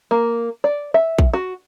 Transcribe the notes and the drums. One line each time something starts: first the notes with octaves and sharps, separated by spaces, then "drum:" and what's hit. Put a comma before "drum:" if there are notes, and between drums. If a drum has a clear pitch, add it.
A#3
D5
E5
drum: kick A#1
F#4